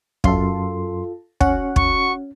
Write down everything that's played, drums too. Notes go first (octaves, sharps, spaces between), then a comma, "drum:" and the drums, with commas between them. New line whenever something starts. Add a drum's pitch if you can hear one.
F#2 F4 A4 C6, drum: kick
C#4 F#4 F#5, drum: kick
C#6, drum: kick